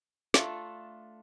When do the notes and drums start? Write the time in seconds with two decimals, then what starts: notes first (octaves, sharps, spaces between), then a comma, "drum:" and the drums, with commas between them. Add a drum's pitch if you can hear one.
0.34 A3 D4 F4 A4, drum: snare